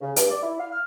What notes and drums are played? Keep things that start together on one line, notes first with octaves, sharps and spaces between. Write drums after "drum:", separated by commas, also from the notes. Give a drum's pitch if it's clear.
C#3
G2, drum: hi-hat
D5
E4
F5
F6